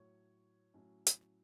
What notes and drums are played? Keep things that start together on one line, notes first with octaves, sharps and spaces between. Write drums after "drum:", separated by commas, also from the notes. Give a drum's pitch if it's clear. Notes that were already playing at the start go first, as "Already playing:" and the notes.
Already playing: A2 F#3 C#5
A2 F#3 C#4
drum: hi-hat